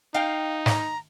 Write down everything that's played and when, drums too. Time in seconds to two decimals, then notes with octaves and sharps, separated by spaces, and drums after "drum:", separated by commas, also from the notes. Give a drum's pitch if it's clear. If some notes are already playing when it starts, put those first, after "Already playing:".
0.14 D#4 F5 G5
0.66 A#5, drum: snare